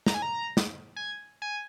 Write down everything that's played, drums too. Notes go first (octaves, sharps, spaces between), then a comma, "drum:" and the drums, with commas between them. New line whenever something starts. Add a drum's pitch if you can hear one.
A#5, drum: snare
G#5
A#5
drum: snare
G#5
G#5